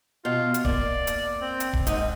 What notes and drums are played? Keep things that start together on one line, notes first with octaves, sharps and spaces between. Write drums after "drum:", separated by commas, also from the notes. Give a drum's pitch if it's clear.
B2 F4
drum: hi-hat
A#3 D5, drum: kick D1
drum: hi-hat
C4
drum: hi-hat
drum: kick D1
G#2 D#4, drum: hi-hat